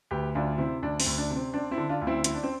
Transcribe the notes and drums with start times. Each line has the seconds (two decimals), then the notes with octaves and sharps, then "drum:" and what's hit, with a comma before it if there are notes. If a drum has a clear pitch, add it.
0.11 D2 G4 B4
0.35 D2 D4 F4
0.58 C3 C4 E4
0.82 D2 D4
1.00 C4, drum: open hi-hat
1.06 D2
1.18 D4
1.30 C3
1.36 C4
1.54 C4 D4
1.71 C4 E4
1.78 D3
1.89 D4 F4
2.00 D2 F4
2.07 C4 E4
2.24 C4 E4, drum: hi-hat
2.34 D4
2.43 C4